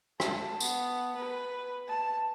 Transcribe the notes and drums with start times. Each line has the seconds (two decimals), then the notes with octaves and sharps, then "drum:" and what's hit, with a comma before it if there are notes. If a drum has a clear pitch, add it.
0.20 A5, drum: rim click
0.60 B3, drum: tambourine
1.16 B4
1.88 A5